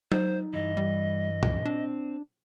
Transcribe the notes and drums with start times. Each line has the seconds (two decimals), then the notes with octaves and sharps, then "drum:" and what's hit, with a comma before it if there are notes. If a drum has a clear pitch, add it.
0.12 D#4 C5, drum: tom F#3
0.53 G2 E3 D#5
0.77 G3
1.43 C#2, drum: tom A#2
1.65 C4 D4